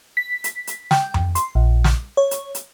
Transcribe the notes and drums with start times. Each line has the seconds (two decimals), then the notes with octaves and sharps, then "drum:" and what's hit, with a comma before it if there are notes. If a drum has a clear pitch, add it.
0.17 B6
0.44 drum: hi-hat
0.67 drum: hi-hat
0.91 G5, drum: snare
1.14 drum: tom F2
1.35 C6, drum: hi-hat
1.55 A#1
1.84 drum: snare
2.17 C#5
2.31 drum: hi-hat
2.55 drum: hi-hat